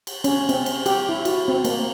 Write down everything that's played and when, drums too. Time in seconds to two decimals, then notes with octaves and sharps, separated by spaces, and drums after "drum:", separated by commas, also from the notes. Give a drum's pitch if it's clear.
0.07 drum: cymbal
0.24 C#4, drum: cymbal
0.49 C4, drum: cymbal
0.66 drum: cymbal
0.86 G4, drum: cymbal
1.09 E4
1.25 F#4, drum: cymbal
1.48 C4
1.64 A#3, drum: cymbal